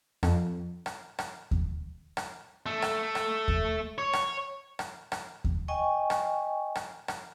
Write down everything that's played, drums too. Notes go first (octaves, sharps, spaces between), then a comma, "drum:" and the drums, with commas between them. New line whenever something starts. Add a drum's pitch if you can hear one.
F2, drum: rim click
drum: rim click
drum: rim click
drum: kick D#2
drum: rim click
A3
drum: rim click
drum: rim click
drum: kick D#2
C#5
drum: rim click
drum: rim click
drum: rim click
drum: kick D#2
D#5 G5 G#5 C#6
drum: rim click
drum: rim click
drum: rim click